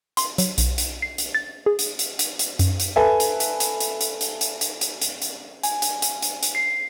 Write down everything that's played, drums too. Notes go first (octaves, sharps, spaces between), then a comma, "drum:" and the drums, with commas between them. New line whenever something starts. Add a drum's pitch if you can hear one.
C6, drum: hi-hat
F#3, drum: hi-hat
B1, drum: hi-hat
drum: hi-hat
C7
drum: hi-hat
A6
G#4
drum: hi-hat
drum: hi-hat
drum: hi-hat
drum: hi-hat
F#2, drum: hi-hat
drum: hi-hat
A4 B4 E5 G#5
drum: hi-hat
drum: hi-hat
drum: hi-hat
drum: hi-hat
drum: hi-hat
drum: hi-hat
drum: hi-hat
drum: hi-hat
drum: hi-hat
drum: hi-hat
drum: hi-hat
G#5, drum: hi-hat
drum: hi-hat
drum: hi-hat
drum: hi-hat
drum: hi-hat
C7